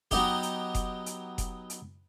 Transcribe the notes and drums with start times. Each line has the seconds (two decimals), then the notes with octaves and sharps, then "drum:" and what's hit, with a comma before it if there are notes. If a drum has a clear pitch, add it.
0.11 F#3 B3 D#4 G4, drum: kick F1, hi-hat
0.43 drum: hi-hat
0.75 drum: kick F1, hi-hat
1.06 drum: hi-hat
1.38 drum: kick F1, hi-hat
1.70 drum: hi-hat